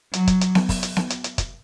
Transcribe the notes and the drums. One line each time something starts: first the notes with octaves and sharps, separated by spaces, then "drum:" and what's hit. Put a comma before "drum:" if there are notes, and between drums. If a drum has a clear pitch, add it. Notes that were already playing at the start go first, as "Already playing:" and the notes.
F#3, drum: hi-hat
drum: kick, hi-hat
drum: hi-hat
drum: snare B3
drum: kick, open hi-hat
drum: hi-hat
drum: snare B3
drum: hi-hat
drum: hi-hat
drum: kick, hi-hat